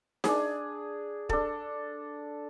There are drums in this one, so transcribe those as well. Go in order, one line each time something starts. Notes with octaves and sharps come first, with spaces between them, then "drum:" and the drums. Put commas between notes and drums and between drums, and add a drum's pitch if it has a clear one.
D4 G#4, drum: snare D#4
D4 A4, drum: kick D1